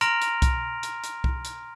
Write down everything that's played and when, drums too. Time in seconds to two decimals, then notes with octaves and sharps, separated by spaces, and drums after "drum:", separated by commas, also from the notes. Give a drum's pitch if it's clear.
0.01 A#5 C6 F6 A#6 D7 F7, drum: hi-hat
0.22 drum: hi-hat
0.42 drum: kick C2, hi-hat
0.83 drum: hi-hat
1.04 drum: hi-hat
1.24 drum: kick C2
1.45 drum: hi-hat